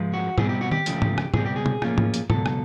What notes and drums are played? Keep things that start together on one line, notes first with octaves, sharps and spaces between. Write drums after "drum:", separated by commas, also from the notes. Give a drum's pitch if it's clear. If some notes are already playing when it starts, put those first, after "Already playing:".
Already playing: G#2 F3 G#3
F#4
B2 G3 C4 D#4 G#4, drum: tom G#2
G4
F#4
G4, drum: tom D#3
C#2 C#3 F3 A3, drum: hi-hat
drum: tom G#2
drum: rim click
C#2 B2 G3 C4 G#4, drum: tom G#2
G4
G#4
drum: tom B2
A2 F3 A#3 C#4 F4, drum: rim click
drum: tom G#2
drum: hi-hat
C#2 B2 F#3 A4, drum: tom G#2
drum: rim click